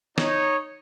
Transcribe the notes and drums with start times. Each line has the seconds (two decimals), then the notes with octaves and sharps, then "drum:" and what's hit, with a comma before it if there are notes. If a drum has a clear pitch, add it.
0.18 D#4 C#5, drum: snare